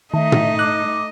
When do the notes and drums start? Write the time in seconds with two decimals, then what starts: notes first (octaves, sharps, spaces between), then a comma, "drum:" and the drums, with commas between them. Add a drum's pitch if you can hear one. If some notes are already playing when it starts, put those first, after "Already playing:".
0.14 D#3 A3 D#4 D#5 E5
0.32 drum: tom
0.59 D6 F#6